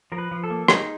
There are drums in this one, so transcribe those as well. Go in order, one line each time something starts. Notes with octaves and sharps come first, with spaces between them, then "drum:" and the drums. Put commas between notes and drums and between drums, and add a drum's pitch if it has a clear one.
F3 A#4
B4
F3
A4
A#3
D#4 G#4, drum: rim click